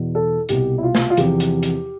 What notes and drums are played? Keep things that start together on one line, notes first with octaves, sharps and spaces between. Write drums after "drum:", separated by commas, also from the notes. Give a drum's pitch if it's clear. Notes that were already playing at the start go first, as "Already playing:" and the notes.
Already playing: E2 B2
A4
C2 B2 G4, drum: hi-hat
E4
F4
drum: snare
F4
E2 C3 F3 G4, drum: hi-hat
drum: hi-hat
drum: hi-hat